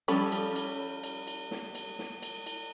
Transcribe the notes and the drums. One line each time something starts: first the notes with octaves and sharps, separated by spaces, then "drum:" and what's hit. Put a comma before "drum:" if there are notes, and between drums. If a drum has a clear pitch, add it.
F3 G3 C#4 A4 B5, drum: cymbal
drum: cymbal
drum: cymbal
drum: cymbal
drum: cymbal
drum: snare
drum: cymbal
drum: snare
drum: cymbal
drum: cymbal